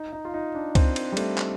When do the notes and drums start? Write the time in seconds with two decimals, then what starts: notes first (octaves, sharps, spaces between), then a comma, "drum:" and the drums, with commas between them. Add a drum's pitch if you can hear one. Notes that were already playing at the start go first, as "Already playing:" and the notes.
Already playing: D#4
0.13 D#4
0.25 F4
0.34 D#4
0.55 D4
0.75 C4, drum: kick C#2, cymbal
0.96 drum: cymbal
1.12 G3
1.17 A3, drum: cymbal
1.38 drum: clap